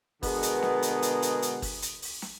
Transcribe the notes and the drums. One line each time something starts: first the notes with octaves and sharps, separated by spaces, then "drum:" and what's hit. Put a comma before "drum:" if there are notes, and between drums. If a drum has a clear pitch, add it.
B2 D3 G#3 B3 G#4 A#4, drum: kick, open hi-hat
drum: hi-hat
drum: snare
drum: hi-hat
drum: hi-hat
drum: hi-hat
drum: hi-hat
drum: kick, open hi-hat
drum: hi-hat
drum: open hi-hat
drum: snare